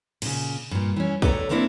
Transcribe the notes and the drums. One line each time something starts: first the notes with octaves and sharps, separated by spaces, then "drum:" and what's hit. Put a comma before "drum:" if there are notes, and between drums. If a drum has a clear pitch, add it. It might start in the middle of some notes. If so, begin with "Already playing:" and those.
A#2 C#3, drum: cymbal
G2 A#2
E3 C#4
A4 B4 C#5 D5 A5 A#5, drum: kick
E3 A3 A#3 C4 D4 E4